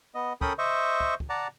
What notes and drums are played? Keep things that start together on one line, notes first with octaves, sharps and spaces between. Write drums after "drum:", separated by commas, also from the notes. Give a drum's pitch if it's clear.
B3 D#5
C#4 A4 A#4 G5 B5 D#6, drum: kick
C5 D#5 E5 C#6
drum: kick
drum: kick
D5 F#5 A5 A#5